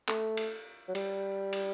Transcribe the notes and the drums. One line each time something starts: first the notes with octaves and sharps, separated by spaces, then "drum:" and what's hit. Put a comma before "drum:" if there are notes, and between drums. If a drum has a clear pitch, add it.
A3, drum: clap
drum: cymbal
F#3
G3, drum: cymbal
drum: cymbal